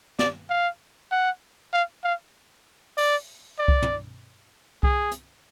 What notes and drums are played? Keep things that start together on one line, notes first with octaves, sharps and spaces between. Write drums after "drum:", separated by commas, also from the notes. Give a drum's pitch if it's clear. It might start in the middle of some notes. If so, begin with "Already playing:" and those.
D5, drum: snare
F5
F#5
F5
F5
D5, drum: open hi-hat
D5
drum: kick C2
drum: tom
G#4, drum: kick C2
drum: hi-hat